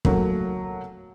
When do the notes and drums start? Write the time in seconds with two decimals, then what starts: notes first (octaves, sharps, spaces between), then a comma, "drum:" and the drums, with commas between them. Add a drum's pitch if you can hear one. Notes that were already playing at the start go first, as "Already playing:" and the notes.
0.05 F#3 A3 A#3, drum: kick